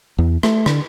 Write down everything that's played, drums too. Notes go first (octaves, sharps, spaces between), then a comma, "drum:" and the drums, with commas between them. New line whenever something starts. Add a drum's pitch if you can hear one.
E2
A3, drum: rim click
D3, drum: rim click